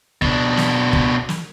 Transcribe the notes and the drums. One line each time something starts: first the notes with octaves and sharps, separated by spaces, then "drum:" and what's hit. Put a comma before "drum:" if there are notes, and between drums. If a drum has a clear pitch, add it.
B2 D4, drum: kick
drum: snare
drum: kick
drum: snare